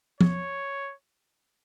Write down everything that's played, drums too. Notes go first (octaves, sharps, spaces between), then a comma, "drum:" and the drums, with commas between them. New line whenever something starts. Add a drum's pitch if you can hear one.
C#5, drum: tom F3